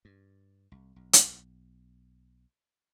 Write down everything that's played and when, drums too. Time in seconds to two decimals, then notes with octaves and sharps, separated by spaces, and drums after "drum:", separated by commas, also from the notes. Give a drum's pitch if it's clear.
0.05 G2
0.72 C2
0.96 B1
1.13 drum: hi-hat